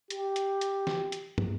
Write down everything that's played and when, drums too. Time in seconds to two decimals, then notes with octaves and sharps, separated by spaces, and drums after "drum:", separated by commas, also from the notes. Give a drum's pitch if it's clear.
0.10 G4, drum: hi-hat
0.36 drum: hi-hat
0.61 drum: hi-hat
0.87 drum: snare
1.12 drum: hi-hat
1.38 drum: tom